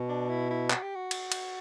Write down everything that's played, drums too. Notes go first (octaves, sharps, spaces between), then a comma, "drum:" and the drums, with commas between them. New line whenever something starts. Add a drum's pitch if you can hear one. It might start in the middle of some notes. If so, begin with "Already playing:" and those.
Already playing: B2
D4
E4
E4
F#4, drum: clap
G4
F#4
drum: cymbal
drum: cymbal